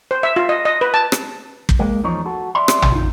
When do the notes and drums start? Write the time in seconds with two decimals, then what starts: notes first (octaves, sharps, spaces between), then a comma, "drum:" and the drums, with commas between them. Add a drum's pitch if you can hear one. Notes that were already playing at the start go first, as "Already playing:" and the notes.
0.11 C5
0.23 E5
0.36 F4
0.49 D#5
0.65 D#5
0.81 B4
0.94 A5
1.12 drum: rim click
1.69 drum: kick
1.79 G#3 A#3
2.04 E2 F3 D#4 C#5
2.26 F#4 A4
2.55 D5 E5 C6
2.68 drum: rim click
2.82 drum: tom
2.92 D#4 F4